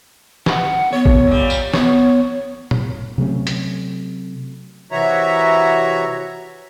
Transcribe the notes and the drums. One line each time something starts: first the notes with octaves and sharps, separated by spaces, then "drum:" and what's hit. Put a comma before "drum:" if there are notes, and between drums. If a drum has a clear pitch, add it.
F#5, drum: snare
B3 C#5
drum: kick A1
A#2 G3
drum: tambourine
B3 C#5, drum: snare
drum: tom
C3 F#3 A3 C#4
drum: hi-hat
C3 E3 F#4 C#5 E5 A#5